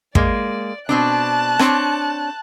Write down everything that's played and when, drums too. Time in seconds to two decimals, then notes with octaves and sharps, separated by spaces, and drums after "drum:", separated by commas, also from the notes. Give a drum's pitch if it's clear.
0.15 G#3 A#3 D5, drum: kick
0.89 B2 C4 D4 A5 F#6
1.59 C4 D4 C#5, drum: rim click